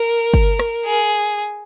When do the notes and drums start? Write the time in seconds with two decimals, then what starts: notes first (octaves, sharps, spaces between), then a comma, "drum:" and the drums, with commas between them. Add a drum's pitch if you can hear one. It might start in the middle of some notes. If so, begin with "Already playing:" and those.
Already playing: A#4
0.34 drum: kick G1
0.59 drum: rim click
0.85 G#4